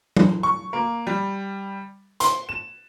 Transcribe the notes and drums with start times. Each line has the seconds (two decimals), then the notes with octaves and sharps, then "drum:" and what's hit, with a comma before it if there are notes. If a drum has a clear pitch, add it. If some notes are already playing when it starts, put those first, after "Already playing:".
0.17 drum: tom F#3
0.43 C#6
0.73 A#3
1.07 G3
2.20 C6, drum: hi-hat
2.49 E7